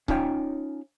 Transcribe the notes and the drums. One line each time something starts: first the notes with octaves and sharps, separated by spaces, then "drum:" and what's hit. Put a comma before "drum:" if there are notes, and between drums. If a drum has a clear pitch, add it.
C#4 D#4 F4 C#5 G5, drum: kick C#1